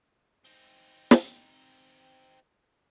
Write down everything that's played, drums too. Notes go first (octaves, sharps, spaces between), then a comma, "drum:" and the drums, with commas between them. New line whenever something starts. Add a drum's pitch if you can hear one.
C4 D#4
drum: snare